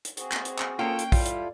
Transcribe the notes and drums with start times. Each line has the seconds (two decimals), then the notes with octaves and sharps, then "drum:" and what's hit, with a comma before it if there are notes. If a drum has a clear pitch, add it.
0.05 drum: hi-hat
0.17 C4 F#4 G#4, drum: hi-hat
0.32 drum: clap
0.45 drum: hi-hat
0.59 drum: clap
0.79 A#3 C#4 F4 A4 A#4 G5
0.99 drum: hi-hat
1.12 G3 E4 F4 A4, drum: kick, open hi-hat
1.26 drum: hi-hat